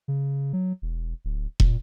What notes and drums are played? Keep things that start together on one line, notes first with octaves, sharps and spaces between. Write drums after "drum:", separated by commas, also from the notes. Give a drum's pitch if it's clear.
C#3
F#3
E1
D1
A#2, drum: kick